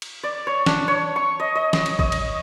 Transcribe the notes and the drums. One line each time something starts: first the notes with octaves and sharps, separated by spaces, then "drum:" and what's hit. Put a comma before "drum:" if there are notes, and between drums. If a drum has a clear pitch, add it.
drum: cymbal
D5
C#5
D4, drum: snare
C#5
C#6
D#5
D#5
D#5, drum: snare
drum: cymbal
D#5, drum: kick
drum: cymbal